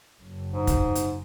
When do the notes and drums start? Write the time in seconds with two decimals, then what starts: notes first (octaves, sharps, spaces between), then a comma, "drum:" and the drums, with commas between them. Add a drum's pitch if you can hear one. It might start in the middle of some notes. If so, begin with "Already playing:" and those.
0.21 F#1
0.53 G#2
0.67 drum: kick, hi-hat
0.95 drum: hi-hat